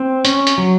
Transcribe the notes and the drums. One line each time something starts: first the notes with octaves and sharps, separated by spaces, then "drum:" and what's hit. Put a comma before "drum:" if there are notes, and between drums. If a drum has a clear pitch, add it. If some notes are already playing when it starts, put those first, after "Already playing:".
Already playing: C4
C#4, drum: hi-hat
drum: hi-hat
F#3